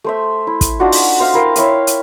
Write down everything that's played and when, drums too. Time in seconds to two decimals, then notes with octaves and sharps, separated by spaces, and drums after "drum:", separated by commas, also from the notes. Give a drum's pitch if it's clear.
0.04 A3 C5 E5
0.47 E4
0.61 drum: kick, hi-hat
0.80 D4 D#4 F4 F#4
0.92 drum: open hi-hat
1.20 C5 E5 F5
1.33 E4 A#4 F5 G5
1.56 E4 C#5 E5 F5, drum: hi-hat
1.87 drum: hi-hat